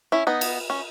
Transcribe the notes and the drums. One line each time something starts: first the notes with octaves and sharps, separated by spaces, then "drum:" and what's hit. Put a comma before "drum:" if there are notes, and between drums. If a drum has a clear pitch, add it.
C#4 E4
B3 D#4
drum: cymbal
C#4